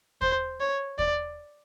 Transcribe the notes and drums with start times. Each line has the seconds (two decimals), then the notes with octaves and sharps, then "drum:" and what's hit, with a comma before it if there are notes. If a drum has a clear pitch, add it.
0.21 C5, drum: kick
0.60 C#5
0.99 D5, drum: kick